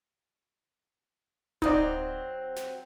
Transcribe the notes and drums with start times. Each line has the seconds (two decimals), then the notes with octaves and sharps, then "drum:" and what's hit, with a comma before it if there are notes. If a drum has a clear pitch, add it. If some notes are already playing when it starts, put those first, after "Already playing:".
1.62 F#3 C4 D#4 D5, drum: kick D1
2.57 drum: snare